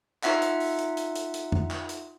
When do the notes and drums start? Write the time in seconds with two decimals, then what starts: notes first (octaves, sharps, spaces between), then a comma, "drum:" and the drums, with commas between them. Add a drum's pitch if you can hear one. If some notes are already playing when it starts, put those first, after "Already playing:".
0.24 D#4 F4 E5 F#5, drum: clap
0.42 drum: hi-hat
0.60 drum: open hi-hat
0.79 drum: hi-hat
0.97 drum: hi-hat
1.16 drum: hi-hat
1.34 drum: hi-hat
1.52 drum: tom F2
1.71 drum: clap
1.89 drum: hi-hat